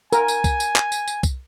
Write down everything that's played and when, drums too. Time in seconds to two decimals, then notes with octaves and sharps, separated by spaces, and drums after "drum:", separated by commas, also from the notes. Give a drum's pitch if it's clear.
0.13 A#4 G#5, drum: tambourine
0.28 drum: tambourine
0.44 drum: kick C2, tambourine
0.60 drum: tambourine
0.76 drum: clap
0.92 drum: tambourine
1.08 drum: tambourine
1.23 drum: kick C2, tambourine